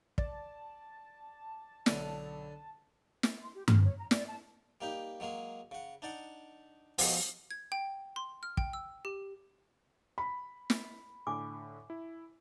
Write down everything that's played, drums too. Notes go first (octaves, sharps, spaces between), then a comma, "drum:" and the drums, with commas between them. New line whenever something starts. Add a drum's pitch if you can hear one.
D5 A5, drum: kick
B1 D3, drum: snare
drum: snare
C6
G4
F6, drum: tom G2
C#5
A#5
D5, drum: snare
A5
G3 A#3 D#4 G4
F#3 G#3 A#3 G#4
C#3 F#5
D4 D#4 D5 F#5
B2 F3 G3 G#3 F#4 G4, drum: open hi-hat
G#6
G5
C6
F6
G5, drum: kick
E6
G4
B5
drum: snare
A2 D3 G#5 D6
E4